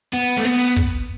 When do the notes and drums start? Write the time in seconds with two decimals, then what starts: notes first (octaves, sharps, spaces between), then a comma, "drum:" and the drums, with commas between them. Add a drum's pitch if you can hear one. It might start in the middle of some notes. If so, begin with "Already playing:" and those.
0.13 B3
0.37 A3
0.45 B3
0.76 drum: kick